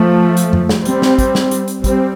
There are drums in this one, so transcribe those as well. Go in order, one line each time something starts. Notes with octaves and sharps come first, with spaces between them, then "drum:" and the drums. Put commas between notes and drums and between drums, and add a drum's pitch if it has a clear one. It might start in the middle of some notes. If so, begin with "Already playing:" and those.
Already playing: F3 A3
drum: hi-hat
drum: tom F2
drum: snare
G3 C4, drum: hi-hat
drum: snare
drum: kick, hi-hat
drum: snare
drum: hi-hat
drum: hi-hat
G3 C4, drum: kick, hi-hat